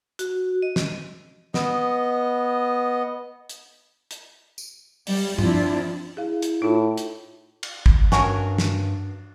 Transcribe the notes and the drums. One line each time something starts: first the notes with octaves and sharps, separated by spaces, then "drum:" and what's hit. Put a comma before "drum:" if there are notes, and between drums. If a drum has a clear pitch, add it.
F#4, drum: hi-hat
D#5
drum: snare
B3 D#5, drum: snare
drum: hi-hat
drum: hi-hat
drum: tambourine
G3, drum: open hi-hat
F3 C4 D4 E4 F4, drum: tom G2
E4 G#4 F5
drum: hi-hat
A2 D#4 F4
drum: hi-hat
drum: cymbal
drum: kick
G2 C#4 F#4 A#4, drum: snare
drum: snare